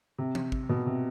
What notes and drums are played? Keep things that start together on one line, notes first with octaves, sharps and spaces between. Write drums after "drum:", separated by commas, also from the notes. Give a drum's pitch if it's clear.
C3
drum: tom E3
drum: kick G#1
B2
C3